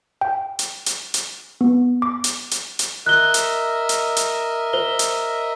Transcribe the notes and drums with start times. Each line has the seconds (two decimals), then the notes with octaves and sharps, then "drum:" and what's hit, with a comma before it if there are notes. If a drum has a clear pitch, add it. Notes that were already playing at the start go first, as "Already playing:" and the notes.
0.21 G5
0.59 drum: hi-hat
0.86 drum: hi-hat
1.14 drum: hi-hat
1.61 B3
2.02 D6
2.24 drum: hi-hat
2.51 drum: hi-hat
2.79 drum: hi-hat
3.06 A#4 D#5 E5 F#6 G7
3.34 drum: hi-hat
3.89 drum: hi-hat
4.17 drum: hi-hat
4.73 C5 G7
4.99 drum: hi-hat